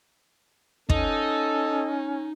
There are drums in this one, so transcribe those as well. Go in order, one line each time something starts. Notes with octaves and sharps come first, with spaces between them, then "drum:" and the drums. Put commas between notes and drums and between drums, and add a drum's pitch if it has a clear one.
C#4 D#4 A4 D#5, drum: kick